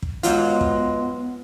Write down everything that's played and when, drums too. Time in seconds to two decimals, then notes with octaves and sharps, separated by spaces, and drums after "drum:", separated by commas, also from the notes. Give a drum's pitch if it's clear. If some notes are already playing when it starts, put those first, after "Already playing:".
0.02 drum: kick
0.23 G#2 F#3 G#3 B3 F4, drum: hi-hat
0.61 drum: kick